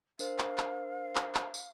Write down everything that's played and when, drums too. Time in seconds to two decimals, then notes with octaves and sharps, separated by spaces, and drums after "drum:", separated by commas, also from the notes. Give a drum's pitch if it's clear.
0.19 D4 A#4 C5 F5, drum: tambourine
0.39 drum: clap
0.58 drum: clap
1.15 drum: clap
1.35 drum: clap
1.54 drum: tambourine